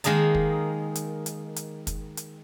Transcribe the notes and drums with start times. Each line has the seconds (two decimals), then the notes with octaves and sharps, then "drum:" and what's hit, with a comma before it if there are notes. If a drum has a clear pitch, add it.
0.04 D#3 G#3 A#3 D#4 A5, drum: hi-hat
0.35 drum: kick
0.95 drum: hi-hat
1.26 drum: hi-hat
1.56 drum: hi-hat
1.87 drum: kick, hi-hat
2.17 drum: hi-hat